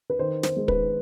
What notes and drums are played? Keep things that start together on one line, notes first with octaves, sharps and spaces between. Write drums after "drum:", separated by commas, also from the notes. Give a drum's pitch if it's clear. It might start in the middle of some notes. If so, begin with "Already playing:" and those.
B4
D#3 C5
C5, drum: snare
G#3
B4, drum: kick